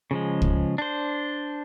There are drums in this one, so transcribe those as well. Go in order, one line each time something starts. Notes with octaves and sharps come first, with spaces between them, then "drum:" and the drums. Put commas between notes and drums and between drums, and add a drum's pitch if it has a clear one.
C#3 F3 G#3
drum: kick
D4 C5